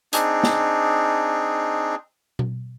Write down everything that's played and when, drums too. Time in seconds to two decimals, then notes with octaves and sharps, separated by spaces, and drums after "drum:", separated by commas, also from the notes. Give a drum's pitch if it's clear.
0.13 C4 D4 D#4 G#4, drum: hi-hat
0.43 drum: snare
2.39 drum: tom B2